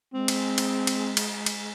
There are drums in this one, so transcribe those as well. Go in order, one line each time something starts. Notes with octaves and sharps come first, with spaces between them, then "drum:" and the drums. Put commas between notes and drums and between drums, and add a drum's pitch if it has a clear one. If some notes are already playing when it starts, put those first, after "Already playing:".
G#3 C4
drum: cymbal
drum: cymbal
drum: cymbal
drum: cymbal
drum: cymbal